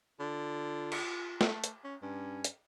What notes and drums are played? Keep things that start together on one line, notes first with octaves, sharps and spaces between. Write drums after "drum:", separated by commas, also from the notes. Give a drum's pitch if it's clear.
D3 F4
drum: cymbal
A3, drum: snare
drum: hi-hat
C#4
G2 C#4
drum: hi-hat